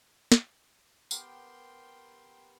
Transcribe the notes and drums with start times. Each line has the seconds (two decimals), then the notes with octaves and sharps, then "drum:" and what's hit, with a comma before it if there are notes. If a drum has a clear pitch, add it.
0.32 drum: snare
1.11 B3 G4 A#4 G5 C6, drum: tambourine